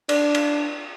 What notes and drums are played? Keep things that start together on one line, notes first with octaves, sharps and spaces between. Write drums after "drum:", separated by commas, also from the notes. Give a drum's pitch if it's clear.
D4, drum: cymbal
drum: cymbal